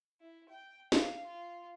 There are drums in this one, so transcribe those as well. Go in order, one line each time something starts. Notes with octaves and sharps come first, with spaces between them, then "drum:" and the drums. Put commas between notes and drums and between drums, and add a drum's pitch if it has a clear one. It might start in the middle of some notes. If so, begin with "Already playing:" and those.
E4
G5
F5, drum: snare
F4